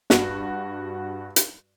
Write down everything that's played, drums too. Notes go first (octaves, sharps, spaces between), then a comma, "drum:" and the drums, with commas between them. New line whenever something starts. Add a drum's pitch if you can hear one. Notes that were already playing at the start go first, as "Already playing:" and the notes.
G2 F#4, drum: snare
drum: hi-hat